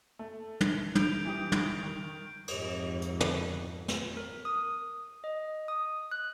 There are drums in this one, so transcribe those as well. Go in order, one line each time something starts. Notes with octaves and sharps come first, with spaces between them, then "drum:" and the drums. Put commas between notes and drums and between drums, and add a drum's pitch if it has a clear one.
A3
drum: tom
G6 D7 F7, drum: tom
E3 G4 D#6
drum: tom
D#3
F2 G#2, drum: cymbal
drum: hi-hat
drum: tom
drum: snare
A#4
D#6
D#5
D#6
F#6